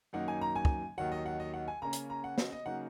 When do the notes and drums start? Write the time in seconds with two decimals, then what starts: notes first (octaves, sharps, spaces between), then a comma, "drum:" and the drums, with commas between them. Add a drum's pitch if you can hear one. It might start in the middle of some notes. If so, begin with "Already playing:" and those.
0.13 F#2 D#3 F#3 A#3 D#4 F#5
0.28 G#5
0.41 A#5
0.56 G#5
0.65 drum: kick
0.98 D#2 D#3 F#3 F#5
1.12 D#5
1.26 F#5
1.40 D#5
1.54 F#5
1.68 G#5
1.82 C#3 A#3 C#4 A#5
1.93 drum: hi-hat
2.10 A#5
2.24 F#5
2.38 D#5, drum: snare B3
2.52 D#5
2.66 C#3 F#3 A#3 D#4 F#5